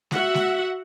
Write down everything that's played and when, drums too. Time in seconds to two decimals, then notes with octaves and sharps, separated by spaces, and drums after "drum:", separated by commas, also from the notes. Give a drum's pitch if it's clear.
0.11 F#4 E5 F#5, drum: snare G#3
0.34 drum: snare G#3